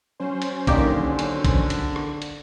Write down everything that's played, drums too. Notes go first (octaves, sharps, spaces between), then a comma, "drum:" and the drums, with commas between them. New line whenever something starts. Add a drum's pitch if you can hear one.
F#3 C#4 C5
drum: hi-hat
D3 D#3 A#3 G4 D5 D#6, drum: kick A#1, hi-hat
drum: hi-hat
drum: kick A#1, hi-hat
drum: hi-hat
drum: rim click
drum: hi-hat